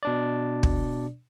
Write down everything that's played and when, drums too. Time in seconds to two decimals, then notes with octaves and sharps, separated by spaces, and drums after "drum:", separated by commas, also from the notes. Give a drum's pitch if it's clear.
0.03 B2 D4 D5
0.63 drum: kick